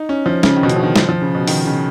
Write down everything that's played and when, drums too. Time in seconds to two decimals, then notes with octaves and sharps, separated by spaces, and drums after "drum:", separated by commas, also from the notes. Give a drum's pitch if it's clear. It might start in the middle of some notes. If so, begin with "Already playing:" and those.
Already playing: D#4
0.09 C#4
0.26 F3
0.43 C#3, drum: snare
0.56 D#3
0.63 B2
0.69 C#3, drum: hi-hat
0.76 F3
0.83 D#3
0.96 F3, drum: snare
1.09 F3
1.22 C#3
1.35 B2
1.48 D#3, drum: open hi-hat
1.65 C#3